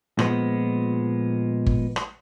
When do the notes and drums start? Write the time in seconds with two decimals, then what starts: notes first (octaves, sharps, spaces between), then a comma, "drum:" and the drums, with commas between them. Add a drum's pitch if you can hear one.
0.19 A#2 F3 G#3 B3, drum: rim click
1.66 drum: kick G1
1.96 drum: rim click